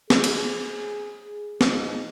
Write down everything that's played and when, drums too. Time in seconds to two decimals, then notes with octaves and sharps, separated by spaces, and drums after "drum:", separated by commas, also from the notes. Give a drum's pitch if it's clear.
0.10 G#4, drum: snare
0.24 drum: cymbal
1.61 G#2, drum: snare